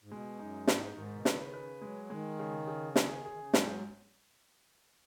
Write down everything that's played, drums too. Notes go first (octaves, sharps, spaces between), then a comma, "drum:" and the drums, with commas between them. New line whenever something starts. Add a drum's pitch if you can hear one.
G#2
B2 G#3
F#2 D#4
G#2 D#4, drum: snare
G#2 D#3
B2
C#3 B4, drum: snare
B4
F#3 G#3
D#3 G#3
C#3
C#3
D#3 G#4, drum: snare
C#3 G#4
D#3
C#3
G#2 F#3, drum: snare